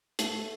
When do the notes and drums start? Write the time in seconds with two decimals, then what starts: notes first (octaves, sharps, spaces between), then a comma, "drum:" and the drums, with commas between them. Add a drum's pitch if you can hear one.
0.19 A3, drum: hi-hat